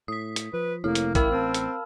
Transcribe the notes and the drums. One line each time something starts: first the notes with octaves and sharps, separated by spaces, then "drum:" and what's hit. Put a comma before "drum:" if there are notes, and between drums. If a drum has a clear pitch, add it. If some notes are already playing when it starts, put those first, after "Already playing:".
A2 D#6 B6
drum: hi-hat
F3 B4
F1 C3 A3 A#3 E4 F6
drum: hi-hat
A1 E4 A#4 F5 B5 E6 F6, drum: kick, hi-hat
C4 A5 F6
drum: hi-hat